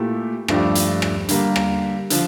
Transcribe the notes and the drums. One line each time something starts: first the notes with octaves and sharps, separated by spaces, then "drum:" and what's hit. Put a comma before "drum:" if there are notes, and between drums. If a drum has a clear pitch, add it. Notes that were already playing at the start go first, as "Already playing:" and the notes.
Already playing: A#2 A3 E4 G4
G2 F3 A3 D4 G4, drum: rim click
drum: hi-hat
drum: rim click
D3 G3 A#3, drum: hi-hat
drum: rim click
D3 F3, drum: hi-hat